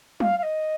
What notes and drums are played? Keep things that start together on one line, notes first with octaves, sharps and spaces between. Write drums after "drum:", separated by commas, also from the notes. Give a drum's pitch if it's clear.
F5, drum: tom
F5
D#5